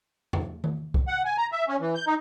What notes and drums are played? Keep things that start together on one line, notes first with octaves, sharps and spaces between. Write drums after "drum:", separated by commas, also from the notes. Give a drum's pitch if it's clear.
drum: tom E2
drum: tom D#3
drum: kick
F#5
G#5
A#5
E5
C#4
E3
G6
D#4